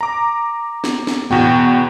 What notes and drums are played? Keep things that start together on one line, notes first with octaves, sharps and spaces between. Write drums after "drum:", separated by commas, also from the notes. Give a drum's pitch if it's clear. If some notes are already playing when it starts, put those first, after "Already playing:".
A#5 D6
drum: snare
drum: snare
E2 B2 F#4 G5, drum: tom G#2